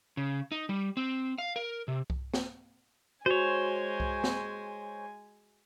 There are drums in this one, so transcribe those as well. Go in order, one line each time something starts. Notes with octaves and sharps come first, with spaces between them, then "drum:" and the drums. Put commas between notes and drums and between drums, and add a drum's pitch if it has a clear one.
C#3
D#4
G3
C4
F5
A#4
C3
drum: kick C2
drum: snare
G#3 F#4 C5 C#5 G#5
drum: kick C2
drum: snare